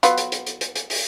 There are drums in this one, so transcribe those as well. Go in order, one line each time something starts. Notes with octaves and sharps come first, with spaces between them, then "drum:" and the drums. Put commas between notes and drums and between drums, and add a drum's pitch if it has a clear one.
F#3 B3 F4, drum: hi-hat
drum: hi-hat
drum: hi-hat
drum: hi-hat
drum: hi-hat
drum: hi-hat
drum: open hi-hat